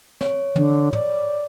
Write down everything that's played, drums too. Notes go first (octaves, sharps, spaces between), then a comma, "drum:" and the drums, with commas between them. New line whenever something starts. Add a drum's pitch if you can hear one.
C#5, drum: snare
D3, drum: tom
D5, drum: tom